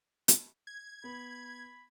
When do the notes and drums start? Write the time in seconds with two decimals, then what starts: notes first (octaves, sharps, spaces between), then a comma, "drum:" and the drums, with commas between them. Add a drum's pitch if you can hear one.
0.28 drum: hi-hat
0.67 G#6
1.04 B3 B5
1.45 B5